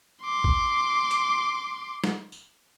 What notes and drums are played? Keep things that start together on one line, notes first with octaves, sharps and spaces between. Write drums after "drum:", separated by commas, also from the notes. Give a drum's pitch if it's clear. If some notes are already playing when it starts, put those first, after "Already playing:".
C6 D6
drum: kick A1
drum: hi-hat
drum: snare
drum: tambourine